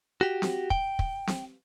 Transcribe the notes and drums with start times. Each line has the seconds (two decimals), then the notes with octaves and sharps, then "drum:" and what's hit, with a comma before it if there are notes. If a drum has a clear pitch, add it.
0.21 F#4 G4
0.42 drum: snare C4
0.70 G5, drum: kick
0.99 drum: kick
1.27 drum: snare C4